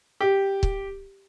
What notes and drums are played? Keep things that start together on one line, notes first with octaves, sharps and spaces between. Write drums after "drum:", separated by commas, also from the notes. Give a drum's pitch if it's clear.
G4
drum: kick